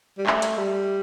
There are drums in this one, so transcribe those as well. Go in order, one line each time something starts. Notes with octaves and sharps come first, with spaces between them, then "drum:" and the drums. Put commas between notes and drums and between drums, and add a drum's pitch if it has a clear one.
G3
A3, drum: clap
drum: hi-hat
G3